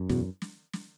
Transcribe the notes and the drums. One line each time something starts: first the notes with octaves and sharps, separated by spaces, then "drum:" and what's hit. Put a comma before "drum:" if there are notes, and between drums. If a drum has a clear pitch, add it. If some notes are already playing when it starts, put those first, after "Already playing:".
Already playing: F#2
E2 B2, drum: snare
drum: snare
drum: snare